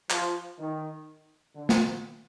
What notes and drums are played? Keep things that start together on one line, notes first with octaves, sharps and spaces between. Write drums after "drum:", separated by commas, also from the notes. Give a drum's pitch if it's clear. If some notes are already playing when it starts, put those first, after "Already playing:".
F3, drum: clap
D#3
D3
drum: snare